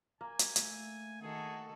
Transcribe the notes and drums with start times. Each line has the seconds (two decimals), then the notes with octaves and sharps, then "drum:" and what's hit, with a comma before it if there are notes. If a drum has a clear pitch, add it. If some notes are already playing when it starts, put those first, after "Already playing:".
0.21 A#3 G#5
0.39 drum: hi-hat
0.56 A3, drum: hi-hat
1.22 D#3 F#4 G#4 A4